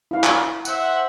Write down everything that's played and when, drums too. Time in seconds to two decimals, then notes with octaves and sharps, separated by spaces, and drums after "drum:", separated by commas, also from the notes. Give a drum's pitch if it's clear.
0.11 E4 F5
0.23 drum: clap
0.65 C5 E5 F#5, drum: tambourine